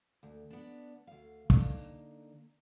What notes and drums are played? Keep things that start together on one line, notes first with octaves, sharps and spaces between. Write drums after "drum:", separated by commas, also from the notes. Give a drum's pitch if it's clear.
D2
B3 D4
D2 F5
D3 A#3 D#4, drum: kick